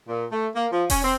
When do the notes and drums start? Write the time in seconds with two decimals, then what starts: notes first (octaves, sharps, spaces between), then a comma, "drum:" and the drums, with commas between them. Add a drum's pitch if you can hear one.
0.08 A#2
0.32 A3
0.53 A#3
0.70 F3
0.90 C#4, drum: kick E1, open hi-hat
1.04 C4